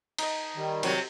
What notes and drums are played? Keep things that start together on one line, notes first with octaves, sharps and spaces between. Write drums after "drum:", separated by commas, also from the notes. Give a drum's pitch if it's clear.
D#4 D#5, drum: cymbal
D#3 G3
C3 F#3, drum: cymbal